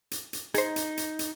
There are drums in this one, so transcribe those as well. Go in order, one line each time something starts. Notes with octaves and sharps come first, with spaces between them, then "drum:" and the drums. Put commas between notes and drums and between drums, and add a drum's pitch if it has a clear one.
drum: hi-hat
drum: hi-hat
D#4 G#4 C5, drum: hi-hat
drum: hi-hat
drum: hi-hat
drum: hi-hat